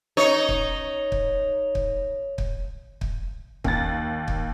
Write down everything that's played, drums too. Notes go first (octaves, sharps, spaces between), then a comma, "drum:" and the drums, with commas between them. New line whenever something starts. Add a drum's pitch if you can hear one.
D#4 C#5
drum: kick
drum: kick
drum: kick
drum: kick
drum: kick
D#2 A6, drum: kick
drum: kick